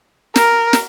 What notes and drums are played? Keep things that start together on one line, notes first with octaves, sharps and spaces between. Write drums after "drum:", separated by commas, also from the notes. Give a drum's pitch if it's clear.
A#4, drum: snare
drum: snare